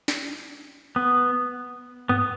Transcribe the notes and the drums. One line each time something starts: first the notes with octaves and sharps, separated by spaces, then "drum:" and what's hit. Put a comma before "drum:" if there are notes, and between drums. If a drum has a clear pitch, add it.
drum: snare
B3
B3, drum: tom G2